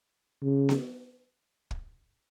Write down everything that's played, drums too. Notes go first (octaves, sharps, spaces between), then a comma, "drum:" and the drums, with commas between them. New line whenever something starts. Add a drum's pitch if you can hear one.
C#3
drum: snare B3
drum: kick